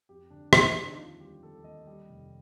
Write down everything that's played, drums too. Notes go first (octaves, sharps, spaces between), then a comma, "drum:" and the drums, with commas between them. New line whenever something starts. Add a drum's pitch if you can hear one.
F2 G4
D3 D4
D3 D4, drum: rim click
F2 D4
D#4
D#2 F4
G3 G4
D#2 A4
D#2 D#5
G3
F1